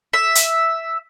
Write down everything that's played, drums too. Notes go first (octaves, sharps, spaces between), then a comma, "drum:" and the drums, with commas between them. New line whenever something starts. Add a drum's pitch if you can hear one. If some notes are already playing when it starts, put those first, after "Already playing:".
E5
drum: hi-hat